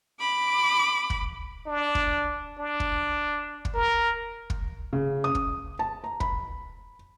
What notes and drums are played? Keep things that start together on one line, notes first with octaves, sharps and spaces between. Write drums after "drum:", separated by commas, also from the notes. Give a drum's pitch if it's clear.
B5 D6
drum: kick
D4
drum: kick
D4
drum: kick
drum: kick
A#4
drum: kick
C#3
D#6
drum: kick
A5
A#5
B5, drum: kick